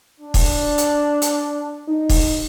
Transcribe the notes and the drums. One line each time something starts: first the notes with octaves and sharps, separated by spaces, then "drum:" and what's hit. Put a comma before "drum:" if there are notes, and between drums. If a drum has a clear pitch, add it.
D4
drum: kick, open hi-hat
drum: hi-hat
drum: hi-hat
D#4
drum: kick, open hi-hat